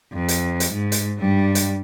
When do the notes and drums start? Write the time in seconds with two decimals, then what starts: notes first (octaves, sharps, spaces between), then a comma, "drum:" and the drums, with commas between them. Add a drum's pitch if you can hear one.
0.13 F2
0.28 drum: hi-hat
0.60 drum: hi-hat
0.74 G#2
0.92 drum: hi-hat
1.19 G2 G3
1.55 drum: hi-hat